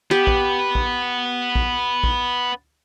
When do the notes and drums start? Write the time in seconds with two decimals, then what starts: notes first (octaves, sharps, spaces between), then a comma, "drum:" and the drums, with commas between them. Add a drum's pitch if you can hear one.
0.11 B3 G4
0.27 drum: kick A#1
0.75 drum: kick A#1
1.55 drum: kick A#1
2.04 drum: kick A#1